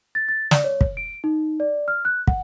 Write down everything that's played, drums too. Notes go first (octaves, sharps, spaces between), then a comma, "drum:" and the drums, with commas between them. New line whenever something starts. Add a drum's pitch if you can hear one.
A6
A6
D5, drum: snare
C#5
drum: kick
D7
D#4
D5
F6
F#6
F#5, drum: kick